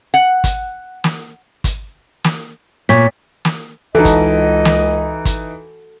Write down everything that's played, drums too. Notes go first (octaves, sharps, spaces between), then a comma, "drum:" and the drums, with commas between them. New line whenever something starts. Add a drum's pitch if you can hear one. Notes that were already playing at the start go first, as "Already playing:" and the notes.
F#5
drum: kick, hi-hat
drum: snare
drum: kick, hi-hat
drum: snare
A#2 C#5 B6
drum: snare
C#2 E3 D#4 F#4 A4 D#5
drum: kick, hi-hat
drum: snare
drum: kick, hi-hat